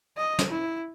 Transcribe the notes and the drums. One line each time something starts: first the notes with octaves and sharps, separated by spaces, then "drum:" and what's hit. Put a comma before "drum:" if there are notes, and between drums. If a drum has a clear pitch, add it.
D#5
drum: snare
E4